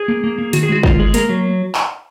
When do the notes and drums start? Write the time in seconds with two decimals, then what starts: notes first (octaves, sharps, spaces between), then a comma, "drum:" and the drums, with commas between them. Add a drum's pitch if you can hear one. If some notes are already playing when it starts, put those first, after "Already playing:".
Already playing: G#4
0.08 A#3
0.24 A#3
0.38 A#3
0.53 D#3 F#4, drum: hi-hat
0.63 G#4
0.69 G#3 F#4
0.83 D#3 F4, drum: kick
0.99 G#3 G#4
1.14 A#3 A#4, drum: hi-hat
1.29 F#3
1.75 drum: clap